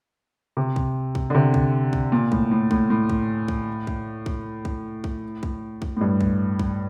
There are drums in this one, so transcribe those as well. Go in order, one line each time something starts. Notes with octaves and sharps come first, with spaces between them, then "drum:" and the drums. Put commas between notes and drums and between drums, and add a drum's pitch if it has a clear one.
C3
drum: kick
drum: kick
D3
C3
drum: kick
drum: kick
A#2
A2, drum: kick
A2
A2, drum: kick
A2
drum: kick
drum: kick
drum: kick
drum: kick
drum: kick
drum: kick
drum: kick
drum: kick
A2
G2
drum: kick
drum: kick